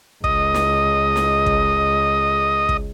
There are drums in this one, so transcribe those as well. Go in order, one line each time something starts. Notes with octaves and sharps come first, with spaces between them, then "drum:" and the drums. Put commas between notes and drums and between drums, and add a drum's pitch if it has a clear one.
C#2 D#5, drum: kick
drum: snare
drum: snare
drum: kick
drum: kick